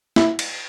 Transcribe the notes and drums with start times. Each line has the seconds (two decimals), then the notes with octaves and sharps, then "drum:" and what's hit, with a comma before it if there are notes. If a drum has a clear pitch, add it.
0.16 E4, drum: snare
0.39 drum: cymbal